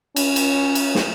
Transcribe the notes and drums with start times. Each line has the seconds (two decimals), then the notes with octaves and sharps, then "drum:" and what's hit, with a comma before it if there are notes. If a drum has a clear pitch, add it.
0.16 C#4, drum: cymbal
0.36 drum: cymbal
0.75 drum: cymbal
0.95 drum: snare